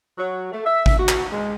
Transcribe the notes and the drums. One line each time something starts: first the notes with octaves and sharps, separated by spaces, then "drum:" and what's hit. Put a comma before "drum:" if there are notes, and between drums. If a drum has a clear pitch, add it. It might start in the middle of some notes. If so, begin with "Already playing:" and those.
F#3
A3
E5
drum: kick G#1
F#4
drum: clap
G#3